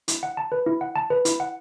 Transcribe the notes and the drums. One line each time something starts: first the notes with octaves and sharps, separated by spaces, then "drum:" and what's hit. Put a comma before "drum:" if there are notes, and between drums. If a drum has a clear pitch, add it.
E4, drum: hi-hat
F#5
A5
B4
E4
F#5
A5
B4
E4, drum: hi-hat
F#5